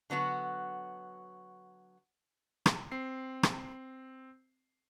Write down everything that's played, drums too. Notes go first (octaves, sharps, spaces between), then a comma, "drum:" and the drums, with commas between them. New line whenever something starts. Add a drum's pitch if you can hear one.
D3 F#3 B3 F#4
drum: rim click
C4 C7
drum: rim click